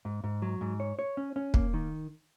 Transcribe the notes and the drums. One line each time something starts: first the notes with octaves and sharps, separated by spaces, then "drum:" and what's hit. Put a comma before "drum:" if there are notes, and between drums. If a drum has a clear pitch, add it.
G#2
G#2
F#3
G#2
C#5
C#5
C#4
C#4
A#3, drum: kick
D#3